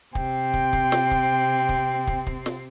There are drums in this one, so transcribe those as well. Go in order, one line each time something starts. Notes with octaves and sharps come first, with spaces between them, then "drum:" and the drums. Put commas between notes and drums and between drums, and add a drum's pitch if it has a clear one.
C3 C4 G5, drum: kick
drum: kick
drum: kick
drum: snare
drum: kick
drum: kick
drum: kick
drum: kick
drum: snare